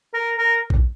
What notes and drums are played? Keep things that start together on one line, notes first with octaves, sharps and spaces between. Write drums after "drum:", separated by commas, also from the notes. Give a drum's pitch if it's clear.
A#4
A#4
drum: kick A1